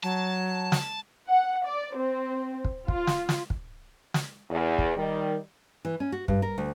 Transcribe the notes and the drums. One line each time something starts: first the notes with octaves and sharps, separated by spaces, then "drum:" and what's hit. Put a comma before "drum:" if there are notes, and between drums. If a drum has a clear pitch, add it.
F#3 A5
drum: snare
F#5
D5
C4
drum: kick
F4, drum: kick
drum: snare
drum: snare
drum: kick
drum: snare
E2
drum: kick
D#3 G3
E3
C#4
F#4
G2, drum: kick
A#4
D2